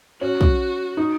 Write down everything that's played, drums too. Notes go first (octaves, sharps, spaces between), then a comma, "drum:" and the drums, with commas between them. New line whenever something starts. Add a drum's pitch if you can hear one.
C#4 F#4
drum: kick
D#4